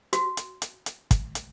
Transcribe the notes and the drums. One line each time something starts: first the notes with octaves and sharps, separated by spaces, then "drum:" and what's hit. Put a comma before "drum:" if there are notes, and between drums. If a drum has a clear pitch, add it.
F#4, drum: hi-hat
drum: hi-hat
drum: hi-hat
drum: hi-hat
drum: kick, hi-hat
drum: hi-hat